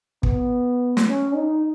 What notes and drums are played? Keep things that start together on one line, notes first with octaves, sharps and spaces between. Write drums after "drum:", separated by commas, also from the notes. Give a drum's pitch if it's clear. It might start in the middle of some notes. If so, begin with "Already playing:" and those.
B3, drum: kick
drum: snare
C#4
D#4